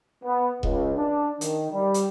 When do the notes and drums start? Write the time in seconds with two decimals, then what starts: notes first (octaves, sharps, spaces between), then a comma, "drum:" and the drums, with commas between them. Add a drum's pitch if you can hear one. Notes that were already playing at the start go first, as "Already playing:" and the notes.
0.24 B3
0.63 C#2, drum: kick E1
0.96 D4
1.41 D#3, drum: hi-hat
1.72 G3
1.94 drum: hi-hat